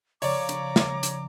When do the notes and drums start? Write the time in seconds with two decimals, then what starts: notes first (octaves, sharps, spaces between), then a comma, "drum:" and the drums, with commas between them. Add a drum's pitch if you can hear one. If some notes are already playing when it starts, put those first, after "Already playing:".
0.22 C#3 F3 C#5 D5 A#5 D6, drum: open hi-hat
0.49 drum: hi-hat
0.76 drum: snare
1.03 drum: hi-hat